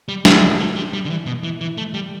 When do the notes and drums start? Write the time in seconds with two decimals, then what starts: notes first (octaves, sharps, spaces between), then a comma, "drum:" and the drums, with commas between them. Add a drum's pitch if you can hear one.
0.09 G3
0.25 A3, drum: snare
0.42 G3
0.59 A3
0.76 G3
0.93 G3
1.05 D3
1.10 E3
1.26 B2
1.43 E3
1.61 E3
1.77 A3
1.94 G3